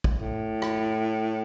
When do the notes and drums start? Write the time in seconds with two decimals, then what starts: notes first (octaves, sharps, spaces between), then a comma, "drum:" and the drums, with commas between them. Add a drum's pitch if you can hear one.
0.04 drum: kick
0.20 A2
0.62 drum: rim click